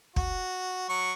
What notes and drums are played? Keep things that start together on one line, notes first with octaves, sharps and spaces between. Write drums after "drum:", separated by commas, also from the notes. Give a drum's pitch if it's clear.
F#4, drum: kick
F#3 C#6